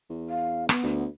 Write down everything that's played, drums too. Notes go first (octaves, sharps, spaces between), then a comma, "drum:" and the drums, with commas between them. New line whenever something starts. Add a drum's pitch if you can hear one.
E2
F5
B3, drum: rim click
D2